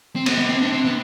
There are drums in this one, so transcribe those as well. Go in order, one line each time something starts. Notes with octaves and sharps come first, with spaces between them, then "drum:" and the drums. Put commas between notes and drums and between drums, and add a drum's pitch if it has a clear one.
C4
B3, drum: cymbal
B3
C4
D4
C4
B3